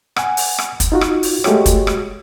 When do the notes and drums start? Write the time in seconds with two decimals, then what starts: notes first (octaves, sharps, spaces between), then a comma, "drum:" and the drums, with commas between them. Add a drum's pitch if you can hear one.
0.16 F#5 G#5, drum: rim click
0.37 drum: open hi-hat
0.58 drum: rim click
0.80 drum: kick, hi-hat
0.92 D#4 F4 F#4
1.01 drum: rim click
1.23 drum: open hi-hat
1.44 G#3 A3 F#4 G4 C#5, drum: rim click
1.66 drum: kick, hi-hat
1.87 drum: rim click